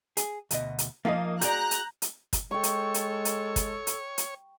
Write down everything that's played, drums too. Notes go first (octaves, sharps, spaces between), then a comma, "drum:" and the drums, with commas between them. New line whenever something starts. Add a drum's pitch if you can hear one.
G#4, drum: hi-hat
D2 B2 D#5, drum: hi-hat
drum: hi-hat
F3 A#3 D#4 D#5 F5
F#4 G#4 D5 A#5 F#6 G6, drum: hi-hat
drum: hi-hat
drum: hi-hat
drum: kick, hi-hat
G#3 A4 C#5 G5 C#6
drum: hi-hat
drum: hi-hat
drum: hi-hat
drum: kick, hi-hat
drum: hi-hat
drum: hi-hat